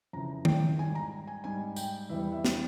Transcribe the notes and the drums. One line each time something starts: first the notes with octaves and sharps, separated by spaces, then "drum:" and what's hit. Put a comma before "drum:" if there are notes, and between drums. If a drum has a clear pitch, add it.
F2 C#3 E3 A#5
G5, drum: tom D#3
G#2 G3 G#5
A#5
G#5
G#2 G3 G#5
G5, drum: tambourine
E2 E3 G3 E5
E5
drum: snare